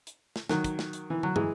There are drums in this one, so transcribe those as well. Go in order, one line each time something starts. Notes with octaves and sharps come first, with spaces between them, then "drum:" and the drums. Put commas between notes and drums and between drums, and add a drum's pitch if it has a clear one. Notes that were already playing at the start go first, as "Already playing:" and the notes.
drum: hi-hat
drum: snare
D#3 F#3, drum: snare
drum: kick, hi-hat
drum: snare
drum: hi-hat
E3
F#3, drum: tom
E3 G#3, drum: tom